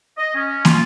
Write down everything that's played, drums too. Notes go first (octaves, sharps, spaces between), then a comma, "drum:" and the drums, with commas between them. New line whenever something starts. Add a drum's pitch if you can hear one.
D#5
C#4
F4, drum: snare